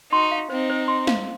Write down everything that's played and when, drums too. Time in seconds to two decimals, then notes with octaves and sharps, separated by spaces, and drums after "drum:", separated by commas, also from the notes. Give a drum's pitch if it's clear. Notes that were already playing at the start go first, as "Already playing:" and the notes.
0.12 D#4 F#4 C6
0.31 F5
0.49 C4 D#4 C5
0.70 C5
0.88 C6
1.07 F5, drum: snare